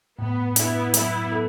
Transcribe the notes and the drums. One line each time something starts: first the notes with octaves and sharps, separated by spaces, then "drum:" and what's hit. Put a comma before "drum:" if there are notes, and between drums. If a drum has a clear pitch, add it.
A2 B3
B3 D4 E4, drum: hi-hat
F#3 B3 E4, drum: hi-hat
A4